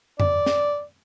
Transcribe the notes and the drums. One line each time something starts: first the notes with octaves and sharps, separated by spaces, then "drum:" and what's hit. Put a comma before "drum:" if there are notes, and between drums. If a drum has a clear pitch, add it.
D5, drum: tom F2
drum: snare